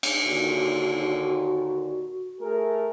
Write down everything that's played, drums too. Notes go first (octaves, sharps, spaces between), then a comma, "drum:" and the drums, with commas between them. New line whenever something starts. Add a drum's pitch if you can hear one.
drum: cymbal
D#2 A#2 D3 F#4
A3 G#4 A#4